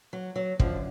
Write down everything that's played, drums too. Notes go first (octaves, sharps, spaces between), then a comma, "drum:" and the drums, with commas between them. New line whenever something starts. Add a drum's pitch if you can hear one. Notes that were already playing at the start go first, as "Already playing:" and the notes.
F#3
F#3
F#2 D3 F3, drum: kick